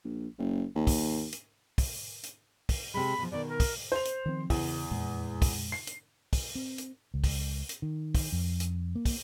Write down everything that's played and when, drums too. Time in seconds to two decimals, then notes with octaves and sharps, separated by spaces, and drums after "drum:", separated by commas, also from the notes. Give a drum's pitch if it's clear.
0.04 A#1
0.38 F#1
0.75 D#2
0.87 drum: kick, open hi-hat
1.33 drum: hi-hat
1.78 drum: kick, open hi-hat
2.23 drum: hi-hat
2.69 drum: kick, open hi-hat
2.94 C3 G#3 B5
3.18 B2 F3
3.32 B2 D#3 D5
3.49 A#4
3.60 drum: kick, open hi-hat
3.92 C5 F7
4.05 drum: hi-hat
4.26 D#3 F3 C4
4.50 E2 C#3, drum: kick, open hi-hat
4.91 F2 A#2 G#3
5.42 drum: kick, open hi-hat
5.72 C7
5.87 drum: hi-hat
6.33 drum: kick, open hi-hat
6.55 C4
6.78 drum: hi-hat
7.14 C#2
7.24 drum: kick, open hi-hat
7.69 drum: hi-hat
7.82 D#3
8.15 drum: kick, open hi-hat
8.32 F2
8.60 drum: hi-hat
8.96 A#3
9.05 drum: kick, open hi-hat